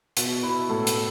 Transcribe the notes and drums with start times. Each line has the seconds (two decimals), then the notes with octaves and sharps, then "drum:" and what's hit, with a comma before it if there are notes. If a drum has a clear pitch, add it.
0.17 B2 E5, drum: hi-hat
0.43 B2 E4
0.69 A2 A4
0.87 drum: hi-hat